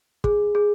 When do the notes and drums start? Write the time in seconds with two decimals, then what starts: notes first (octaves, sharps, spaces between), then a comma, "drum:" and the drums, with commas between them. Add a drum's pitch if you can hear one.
0.24 G#4, drum: kick
0.55 G#4